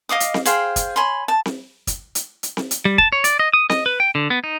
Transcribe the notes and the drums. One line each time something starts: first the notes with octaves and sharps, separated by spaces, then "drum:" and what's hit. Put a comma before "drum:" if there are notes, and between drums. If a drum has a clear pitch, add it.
D#5 F5 D6 D#6
drum: hi-hat
drum: snare C4
G#4 C5 F5 G5, drum: hi-hat
drum: kick, hi-hat
C#5 G#5 B5 C6
A5
drum: snare C4
drum: kick, hi-hat
drum: hi-hat
drum: hi-hat
drum: snare C4
drum: hi-hat
G3
A5, drum: kick
C#5
D5, drum: hi-hat
D#5
D#6
D#5, drum: snare C4
B4
G5
D3
B3
D#4